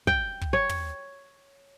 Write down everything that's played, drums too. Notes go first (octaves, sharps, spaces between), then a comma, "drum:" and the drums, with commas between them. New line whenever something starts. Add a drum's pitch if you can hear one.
G5, drum: kick
drum: kick
C#5
drum: tom